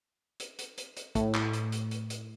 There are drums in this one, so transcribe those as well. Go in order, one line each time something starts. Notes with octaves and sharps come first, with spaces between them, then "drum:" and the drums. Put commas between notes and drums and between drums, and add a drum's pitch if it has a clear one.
drum: hi-hat
drum: hi-hat
drum: hi-hat
drum: hi-hat
A2, drum: kick, hi-hat
drum: clap
drum: hi-hat
drum: hi-hat
drum: hi-hat
drum: hi-hat